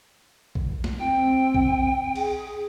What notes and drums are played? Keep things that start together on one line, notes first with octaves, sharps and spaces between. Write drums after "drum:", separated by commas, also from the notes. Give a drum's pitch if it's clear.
drum: kick
drum: snare
C4 G5
drum: kick
G#4, drum: cymbal